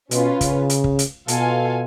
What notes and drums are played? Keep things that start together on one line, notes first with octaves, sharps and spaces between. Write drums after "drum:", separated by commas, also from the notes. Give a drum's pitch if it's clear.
B2 C#4 F4 B4, drum: hi-hat
C#3, drum: kick, hi-hat
drum: hi-hat
drum: kick
drum: hi-hat
B2 F4 A4 F5 G#5, drum: hi-hat